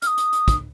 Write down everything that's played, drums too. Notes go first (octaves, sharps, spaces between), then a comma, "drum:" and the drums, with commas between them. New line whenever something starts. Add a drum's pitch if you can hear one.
F6, drum: hi-hat
D#6
drum: hi-hat
drum: hi-hat
drum: kick, hi-hat